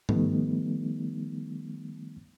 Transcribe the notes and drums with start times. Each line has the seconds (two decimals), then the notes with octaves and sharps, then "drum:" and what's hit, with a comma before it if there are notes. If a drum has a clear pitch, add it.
0.09 D#3 F3 G3 A3 B3 D#4, drum: tom G#2